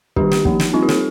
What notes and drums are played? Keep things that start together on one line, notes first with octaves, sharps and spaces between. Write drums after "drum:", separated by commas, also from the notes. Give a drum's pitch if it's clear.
D#3 G3 D4 G4, drum: kick
G4, drum: snare
F3 A#3 D#4, drum: kick
drum: snare
G3 C4 D#4 F4
G4
A4, drum: snare